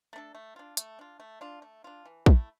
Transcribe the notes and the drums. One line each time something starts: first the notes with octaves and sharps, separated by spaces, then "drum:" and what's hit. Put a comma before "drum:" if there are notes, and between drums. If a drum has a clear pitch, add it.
A3 D4 A4
A3
D4 F4
A3, drum: hi-hat
D4 F4
A3
D4 F4
A3
D4 F4
E3
A3 E4, drum: kick